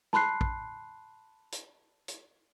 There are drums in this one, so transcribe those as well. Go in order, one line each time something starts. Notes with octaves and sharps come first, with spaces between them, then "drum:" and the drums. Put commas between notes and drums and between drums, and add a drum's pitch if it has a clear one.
A5 B5 C6 F#6 C7, drum: snare
drum: kick
drum: hi-hat
drum: hi-hat